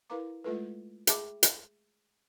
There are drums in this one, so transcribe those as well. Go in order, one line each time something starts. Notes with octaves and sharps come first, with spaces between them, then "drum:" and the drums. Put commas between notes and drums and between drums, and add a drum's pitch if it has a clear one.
E4 A#4 B4 F5 A#5 D6
G#3 A3 F4 A4 B4
G#4 E5 G5 A5 B5 D6, drum: hi-hat
drum: hi-hat